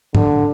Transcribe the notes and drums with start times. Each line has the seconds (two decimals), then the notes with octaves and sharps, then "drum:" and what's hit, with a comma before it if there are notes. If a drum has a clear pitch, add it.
0.15 D3, drum: tom